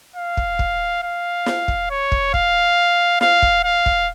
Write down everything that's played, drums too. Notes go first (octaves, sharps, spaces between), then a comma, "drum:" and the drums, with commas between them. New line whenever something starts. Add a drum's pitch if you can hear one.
F5
drum: kick
drum: kick
F5
drum: snare
drum: kick
C#5
drum: kick
F5, drum: kick
F5, drum: snare
drum: kick
F5
drum: kick